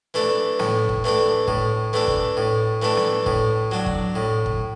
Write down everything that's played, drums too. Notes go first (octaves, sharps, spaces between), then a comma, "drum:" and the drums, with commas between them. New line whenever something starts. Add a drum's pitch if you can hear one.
E3 A3 D4 A4
A2, drum: snare
drum: kick
E3 A3 D4 A4
A2, drum: kick
E3 A3 D4 A4
drum: kick
A2
E3 A3 D4 A4
drum: snare
A2, drum: kick
F#3 D4
drum: kick
A2
drum: kick